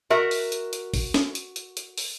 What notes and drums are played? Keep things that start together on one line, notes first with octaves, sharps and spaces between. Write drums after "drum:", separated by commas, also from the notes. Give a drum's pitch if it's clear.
F#4 A#4 E5
drum: open hi-hat
drum: hi-hat
drum: hi-hat
drum: kick A1, open hi-hat
drum: snare
drum: hi-hat
drum: hi-hat
drum: hi-hat
drum: open hi-hat